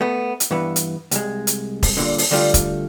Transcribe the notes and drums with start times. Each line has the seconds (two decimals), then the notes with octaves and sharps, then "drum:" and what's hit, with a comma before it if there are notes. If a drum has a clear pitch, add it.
0.01 A3 B3
0.40 drum: hi-hat
0.51 G2 E3 B3
0.76 drum: hi-hat
1.11 C2 G#3, drum: hi-hat
1.47 drum: hi-hat
1.83 drum: kick E1, open hi-hat
1.97 G2 A#2 D3
2.18 drum: open hi-hat
2.31 D2 D3 G3 A3 F4
2.54 drum: kick E1, hi-hat